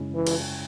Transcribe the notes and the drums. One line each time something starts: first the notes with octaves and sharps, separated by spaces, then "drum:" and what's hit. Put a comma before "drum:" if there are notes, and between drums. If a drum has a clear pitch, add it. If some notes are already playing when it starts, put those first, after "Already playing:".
Already playing: F#2 C#3 G#3 C#4 E4
E3
drum: cymbal